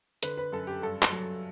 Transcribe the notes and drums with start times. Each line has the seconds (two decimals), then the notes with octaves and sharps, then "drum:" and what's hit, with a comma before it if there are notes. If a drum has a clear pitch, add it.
0.23 D3 B4, drum: hi-hat
0.37 B4
0.52 F#2 A4
0.67 G4
0.82 G2 A4
1.02 drum: clap
1.12 F#3